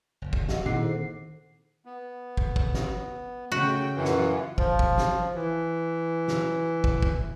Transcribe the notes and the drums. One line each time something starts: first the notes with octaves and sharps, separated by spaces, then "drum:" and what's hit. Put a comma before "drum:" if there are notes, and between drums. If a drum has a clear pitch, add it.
F#1
drum: kick
D#5 F#5, drum: snare
A#2 D#3 C4 E4 G#4 F#5 D6 C7
A4 C5
B3
drum: kick
drum: kick
drum: snare
C#3 A3 F#4 G5
F#2 E3 F4 F#5
drum: snare
F3, drum: kick
drum: kick
drum: snare
E3
drum: snare
drum: kick
drum: kick